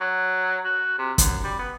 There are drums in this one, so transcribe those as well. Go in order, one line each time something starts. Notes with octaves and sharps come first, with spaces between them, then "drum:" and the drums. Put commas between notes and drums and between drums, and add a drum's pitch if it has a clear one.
F#3
F#4
C3
F#2, drum: kick, hi-hat
G3
B3